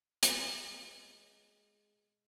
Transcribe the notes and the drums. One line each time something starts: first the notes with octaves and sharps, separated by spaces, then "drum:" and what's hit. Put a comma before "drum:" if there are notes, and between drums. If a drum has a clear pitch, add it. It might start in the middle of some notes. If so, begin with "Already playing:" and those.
G#3 D#4 F4 G#4 A#4, drum: hi-hat